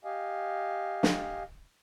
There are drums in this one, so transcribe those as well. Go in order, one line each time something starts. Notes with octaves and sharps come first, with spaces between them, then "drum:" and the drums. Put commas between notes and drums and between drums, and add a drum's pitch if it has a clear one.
G4 D#5 F5 G#5
drum: snare